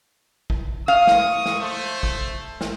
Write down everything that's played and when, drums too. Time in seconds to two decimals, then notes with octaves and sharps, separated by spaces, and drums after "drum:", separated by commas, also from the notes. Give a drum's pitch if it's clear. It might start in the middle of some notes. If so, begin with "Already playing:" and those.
0.50 drum: kick
0.88 F5 C#6 D#6
1.07 drum: snare
1.46 drum: snare
1.59 A3 C5
2.03 drum: kick
2.61 drum: snare